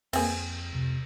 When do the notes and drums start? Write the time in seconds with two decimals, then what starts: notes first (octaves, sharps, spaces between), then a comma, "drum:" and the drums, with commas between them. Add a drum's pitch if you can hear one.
0.13 F2 A#3 C4 G#4 B4 E5, drum: cymbal
0.72 C#2 C3